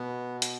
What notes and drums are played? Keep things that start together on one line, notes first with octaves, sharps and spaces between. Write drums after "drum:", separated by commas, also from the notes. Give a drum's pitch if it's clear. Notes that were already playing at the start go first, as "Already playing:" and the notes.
Already playing: B2 B3
drum: hi-hat